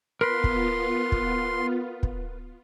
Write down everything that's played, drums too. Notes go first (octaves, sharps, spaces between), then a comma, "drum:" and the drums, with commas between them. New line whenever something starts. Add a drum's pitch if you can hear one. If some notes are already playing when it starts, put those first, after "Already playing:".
B3 F4 A#4 B4 C6
drum: kick
drum: kick
drum: kick